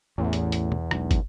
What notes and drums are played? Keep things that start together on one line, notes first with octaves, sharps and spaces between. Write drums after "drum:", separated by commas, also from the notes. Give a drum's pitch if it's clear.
A1 E2 A2
drum: hi-hat
drum: hi-hat
drum: tom
E1 B1, drum: rim click
drum: kick, hi-hat